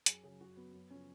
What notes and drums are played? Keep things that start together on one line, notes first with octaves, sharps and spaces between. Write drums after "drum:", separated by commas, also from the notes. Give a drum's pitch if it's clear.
F#2 G#4, drum: hi-hat
C#3 F#3 G#4
F#2 F#4
C#3 F#3 B3
F#2 B3
C#3 F3 C#4